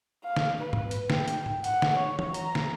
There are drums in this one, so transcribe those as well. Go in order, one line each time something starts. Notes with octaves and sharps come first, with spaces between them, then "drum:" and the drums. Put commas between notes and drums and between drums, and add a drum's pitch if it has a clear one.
F5
drum: snare
B4
drum: tom G#2
drum: hi-hat
G5, drum: snare
drum: hi-hat
drum: tom G#2
F#5, drum: hi-hat
drum: snare
C#5
drum: tom E3
A#5, drum: hi-hat
drum: snare